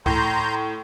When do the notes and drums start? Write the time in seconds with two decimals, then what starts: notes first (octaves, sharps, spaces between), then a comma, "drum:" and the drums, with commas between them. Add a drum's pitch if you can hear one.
0.06 A2 A#5 C6 G6, drum: kick C#2